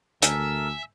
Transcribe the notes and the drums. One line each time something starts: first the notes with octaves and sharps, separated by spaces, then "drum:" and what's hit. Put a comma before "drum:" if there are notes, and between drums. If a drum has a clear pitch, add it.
D2 A4 A#4 E5 G#5 E6, drum: hi-hat